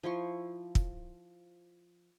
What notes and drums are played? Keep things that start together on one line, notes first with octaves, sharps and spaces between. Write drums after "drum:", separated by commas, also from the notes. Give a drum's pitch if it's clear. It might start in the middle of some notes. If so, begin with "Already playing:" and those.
F3 E4 C6 C#6
drum: kick